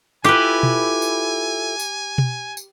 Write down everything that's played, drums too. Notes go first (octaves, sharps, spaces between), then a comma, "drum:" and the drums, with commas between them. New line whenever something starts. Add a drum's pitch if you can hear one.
E4 F4 G4 A4 B4 G#5, drum: tambourine
drum: tom B2
drum: tambourine
drum: tambourine
drum: tom B2
drum: tambourine